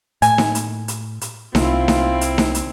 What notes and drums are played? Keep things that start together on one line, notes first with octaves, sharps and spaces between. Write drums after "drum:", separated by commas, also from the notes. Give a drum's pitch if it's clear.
A2 G#5, drum: hi-hat
drum: snare D#4
drum: hi-hat
drum: hi-hat
drum: hi-hat
C2 C4 E4 F4, drum: snare D#4
drum: snare D#4
drum: hi-hat
drum: snare D#4
drum: hi-hat